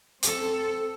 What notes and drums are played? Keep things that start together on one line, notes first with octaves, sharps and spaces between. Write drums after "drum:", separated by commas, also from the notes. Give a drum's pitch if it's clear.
C4 A4, drum: hi-hat